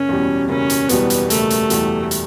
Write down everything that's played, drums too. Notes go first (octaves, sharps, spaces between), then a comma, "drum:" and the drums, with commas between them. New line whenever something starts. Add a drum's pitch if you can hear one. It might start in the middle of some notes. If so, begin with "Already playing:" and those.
Already playing: F#1 C#4
E2 B2 G3
F#1 C#4
drum: hi-hat
E2 B2 G3 B3, drum: hi-hat
drum: hi-hat
F#1 A3, drum: hi-hat
drum: hi-hat
E2 B2 G3, drum: hi-hat
drum: hi-hat